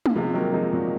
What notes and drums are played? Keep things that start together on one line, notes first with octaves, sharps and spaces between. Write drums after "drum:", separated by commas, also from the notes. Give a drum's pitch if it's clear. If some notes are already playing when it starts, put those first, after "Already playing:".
drum: tom
C3 F3 G#3
D#3 F#3 A#3
F3 G#3 D#4
A#2 F#3